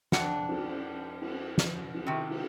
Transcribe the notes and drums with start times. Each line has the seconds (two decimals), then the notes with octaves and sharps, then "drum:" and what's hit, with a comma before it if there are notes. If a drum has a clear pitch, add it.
0.12 F2 D4 F#5, drum: snare
0.49 drum: cymbal
1.21 drum: cymbal
1.58 drum: snare
1.94 drum: cymbal
2.07 C3 D#3
2.30 drum: cymbal